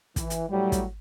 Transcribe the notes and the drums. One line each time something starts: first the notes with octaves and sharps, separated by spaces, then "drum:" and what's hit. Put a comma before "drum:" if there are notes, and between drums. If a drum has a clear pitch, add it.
E3, drum: kick, hi-hat
drum: hi-hat
A2 F#3 G3
drum: kick, hi-hat